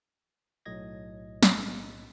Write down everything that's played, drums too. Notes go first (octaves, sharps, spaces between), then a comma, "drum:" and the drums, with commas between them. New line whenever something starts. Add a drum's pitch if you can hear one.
B1 A2 F#3 D#5 G#6 A#6
drum: snare